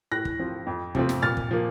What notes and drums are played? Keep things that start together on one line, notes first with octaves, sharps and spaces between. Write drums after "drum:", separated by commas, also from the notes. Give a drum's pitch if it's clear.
A2 F#6 A#6
drum: kick
F3 C4
F2
C3 F3 A3 C4, drum: kick
drum: snare
A#2 F6 A6
drum: kick
F3 A#3